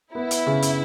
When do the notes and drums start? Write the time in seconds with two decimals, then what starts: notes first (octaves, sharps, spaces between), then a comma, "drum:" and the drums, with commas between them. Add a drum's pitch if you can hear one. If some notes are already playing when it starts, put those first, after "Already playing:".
0.15 B3 E4
0.31 drum: hi-hat
0.47 C#3
0.62 drum: hi-hat